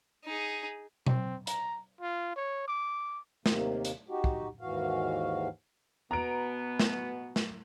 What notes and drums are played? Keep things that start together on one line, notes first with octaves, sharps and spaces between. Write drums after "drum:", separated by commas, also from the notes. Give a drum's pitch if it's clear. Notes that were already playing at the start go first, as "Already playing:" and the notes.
D#4 G#4
C4, drum: tom B2
A#5, drum: hi-hat
F4
C#5
D6
D#2 C3 D#3 A#3, drum: snare
drum: hi-hat
D#4 F#4 G4
drum: kick
D#2 G#2 E3 F#4 F5
B2 B3 A#5 D7
drum: snare
drum: snare